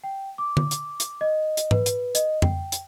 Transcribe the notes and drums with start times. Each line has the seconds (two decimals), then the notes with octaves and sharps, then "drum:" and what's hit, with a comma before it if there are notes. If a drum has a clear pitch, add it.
0.04 G5
0.38 D6
0.57 drum: tom
0.71 drum: hi-hat
1.00 drum: hi-hat
1.21 D#5
1.57 drum: hi-hat
1.71 B4, drum: tom G#2
1.86 drum: hi-hat
2.15 D#5, drum: hi-hat
2.42 G5, drum: tom F2
2.72 drum: hi-hat